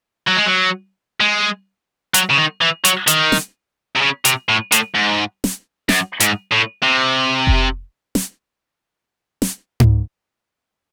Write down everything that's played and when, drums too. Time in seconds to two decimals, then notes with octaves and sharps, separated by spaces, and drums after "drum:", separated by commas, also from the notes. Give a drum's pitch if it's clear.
0.27 F#3
0.36 G#3
0.46 F#3
1.20 G#3
2.14 F#3, drum: hi-hat
2.30 C#3
2.38 D#3
2.61 E3
2.85 F#3, drum: hi-hat
3.07 D#3, drum: hi-hat
3.32 drum: snare
3.96 C3
4.01 C#3
4.25 C3, drum: hi-hat
4.49 A2
4.72 A2, drum: hi-hat
4.95 G#2
5.44 drum: snare
5.89 F#2, drum: snare
6.20 G#2, drum: hi-hat
6.51 A2
6.83 C3
7.47 drum: kick F1
8.15 drum: snare
9.42 drum: snare
9.80 drum: tom G#2